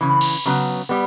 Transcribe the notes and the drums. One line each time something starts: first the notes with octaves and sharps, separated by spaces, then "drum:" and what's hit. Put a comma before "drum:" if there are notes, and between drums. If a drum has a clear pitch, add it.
C#3 E3
drum: cymbal
C#3 F#3 B3
G3 B3